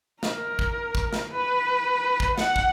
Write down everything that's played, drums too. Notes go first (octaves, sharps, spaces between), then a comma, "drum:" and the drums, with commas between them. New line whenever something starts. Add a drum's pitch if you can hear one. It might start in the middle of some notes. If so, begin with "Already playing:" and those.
A#4, drum: snare
drum: kick
drum: kick
drum: snare
B4
drum: kick
F#5, drum: snare
drum: kick